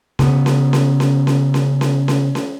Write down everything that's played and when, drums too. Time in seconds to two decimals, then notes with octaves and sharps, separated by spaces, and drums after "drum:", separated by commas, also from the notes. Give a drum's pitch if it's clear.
0.19 C#3 B3, drum: snare C#4
0.46 drum: snare C#4
0.73 drum: snare C#4
1.00 drum: snare C#4
1.27 drum: snare C#4
1.54 drum: snare C#4
1.81 drum: snare C#4
2.08 drum: snare C#4
2.35 drum: snare C#4